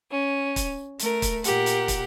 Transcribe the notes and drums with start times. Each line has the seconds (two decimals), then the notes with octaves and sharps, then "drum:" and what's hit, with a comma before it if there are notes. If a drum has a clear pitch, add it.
0.12 C#4
0.56 drum: kick, hi-hat
0.99 A3 A#4, drum: hi-hat
1.22 drum: kick, hi-hat
1.44 A#2 G4 A#4 F#5, drum: hi-hat
1.66 drum: hi-hat
1.88 drum: kick, hi-hat